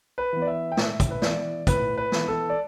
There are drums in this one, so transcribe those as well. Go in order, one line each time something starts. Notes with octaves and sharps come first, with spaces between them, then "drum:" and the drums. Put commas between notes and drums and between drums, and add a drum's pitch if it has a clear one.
B4
E3 B3
D5
E5
G5
A2 E5, drum: snare
drum: kick, hi-hat
B4
E3 B3 D5, drum: snare
A2 B4, drum: kick, hi-hat
B4
E3 B3, drum: snare
A4
D5